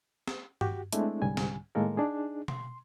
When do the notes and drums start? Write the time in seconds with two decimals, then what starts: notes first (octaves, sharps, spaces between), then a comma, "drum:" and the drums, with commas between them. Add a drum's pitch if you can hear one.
0.28 drum: snare
0.61 F#4 G4, drum: tom G2
0.93 G#3 A3 C4 D4 E4, drum: hi-hat
1.22 C2 G#2 D3 G3 G#5
1.37 drum: snare
1.75 A2 D#3 G#3 A#3 A4 A#4
1.97 D4 D#4 G#4
2.48 C6, drum: tom B2